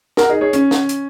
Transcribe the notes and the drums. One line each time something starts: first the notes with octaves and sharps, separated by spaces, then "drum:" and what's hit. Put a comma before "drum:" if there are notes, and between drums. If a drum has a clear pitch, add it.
F#4 A#4, drum: snare
D#4 G#4
G#4 C#5
C#4, drum: hi-hat
drum: snare
drum: hi-hat